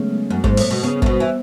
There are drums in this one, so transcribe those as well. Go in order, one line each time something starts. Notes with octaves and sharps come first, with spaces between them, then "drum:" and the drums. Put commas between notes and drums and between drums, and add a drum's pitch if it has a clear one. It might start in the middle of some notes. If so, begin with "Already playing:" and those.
Already playing: C#3 F#3 G#3 A3 B3
F#2
G#2, drum: kick
A2, drum: open hi-hat
B2
C#3 B3
A2, drum: kick
B2
E3